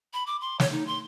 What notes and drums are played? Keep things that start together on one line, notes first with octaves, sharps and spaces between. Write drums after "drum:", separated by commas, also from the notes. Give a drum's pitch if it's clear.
B5
D6
C6
C#5, drum: snare
D#4
C6